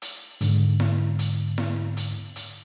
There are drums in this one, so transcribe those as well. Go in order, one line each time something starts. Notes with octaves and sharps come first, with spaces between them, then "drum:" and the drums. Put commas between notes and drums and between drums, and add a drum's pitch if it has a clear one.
drum: hi-hat
G#2 D3, drum: hi-hat
drum: snare E4
drum: hi-hat
drum: snare E4
drum: hi-hat
drum: hi-hat